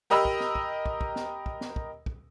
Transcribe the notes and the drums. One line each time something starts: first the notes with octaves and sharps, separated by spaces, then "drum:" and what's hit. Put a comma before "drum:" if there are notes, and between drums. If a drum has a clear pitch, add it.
G4 A#4 D#5 A#5 B5 E6
drum: kick
drum: snare
drum: kick
drum: kick
drum: kick
drum: snare
drum: kick
drum: snare
drum: kick
drum: kick